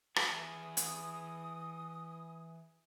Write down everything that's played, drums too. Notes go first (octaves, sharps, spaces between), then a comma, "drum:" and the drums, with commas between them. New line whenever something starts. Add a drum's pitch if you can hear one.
E3 G#4 D#6, drum: rim click
drum: hi-hat